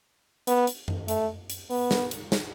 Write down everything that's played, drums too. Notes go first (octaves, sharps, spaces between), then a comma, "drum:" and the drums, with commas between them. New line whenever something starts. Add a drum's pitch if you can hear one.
B3, drum: hi-hat
drum: hi-hat
drum: tom F#2
A3, drum: hi-hat
drum: hi-hat
B3, drum: open hi-hat
drum: snare
drum: hi-hat
drum: snare